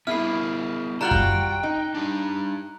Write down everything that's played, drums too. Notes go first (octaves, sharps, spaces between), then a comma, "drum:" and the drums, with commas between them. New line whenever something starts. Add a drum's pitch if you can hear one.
B3 E4 G#4 A#4 F6 C7
G3 F4 F#4 G5 A#5 F#6 F#7
drum: kick F#2
D#4
D4 G4